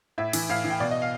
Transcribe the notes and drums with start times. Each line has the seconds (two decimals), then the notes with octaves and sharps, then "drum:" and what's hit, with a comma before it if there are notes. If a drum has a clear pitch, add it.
0.18 A2 E5
0.33 E3, drum: cymbal
0.49 A2 F5
0.64 E3
0.70 G5
0.80 B2 D5
0.91 D#5
1.02 F5